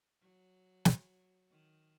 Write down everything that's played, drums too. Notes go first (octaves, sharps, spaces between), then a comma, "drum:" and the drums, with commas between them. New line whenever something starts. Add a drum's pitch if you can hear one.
F#3
drum: snare
D#3